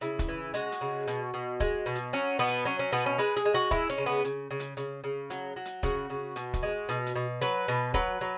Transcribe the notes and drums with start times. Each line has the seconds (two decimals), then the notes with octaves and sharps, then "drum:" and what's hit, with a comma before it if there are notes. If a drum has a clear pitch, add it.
0.01 C#3 E4, drum: hi-hat
0.19 drum: kick, hi-hat
0.28 E3
0.54 G#3 F#4, drum: hi-hat
0.72 drum: hi-hat
0.81 C#3
1.07 B2, drum: hi-hat
1.34 B2
1.60 G#3, drum: kick, hi-hat
1.86 B2
1.95 drum: hi-hat
2.13 F#3 C#4, drum: hi-hat
2.39 B2 B3
2.48 drum: hi-hat
2.65 F#3 C#4, drum: hi-hat
2.79 C#4
2.92 B2 B3
3.06 C#4
3.18 G#3 B4, drum: hi-hat
3.36 G#4, drum: hi-hat
3.45 G#3
3.54 F#4, drum: hi-hat
3.71 G#3 E4, drum: kick, hi-hat
3.89 C#4, drum: hi-hat
3.98 C#3
4.06 B3, drum: hi-hat
4.24 C#3, drum: hi-hat
4.51 C#3
4.60 drum: hi-hat
4.77 C#3, drum: hi-hat
5.04 C#3
5.30 F#3, drum: hi-hat
5.56 F#3
5.65 drum: hi-hat
5.83 C#3 F#4, drum: kick, hi-hat
6.10 C#3
6.36 B2, drum: hi-hat
6.54 drum: kick, hi-hat
6.63 G#3
6.89 B2, drum: hi-hat
7.06 drum: hi-hat
7.15 B2
7.41 F#3 B4, drum: hi-hat
7.68 B2
7.94 F#3 B4, drum: kick, hi-hat
8.21 F#3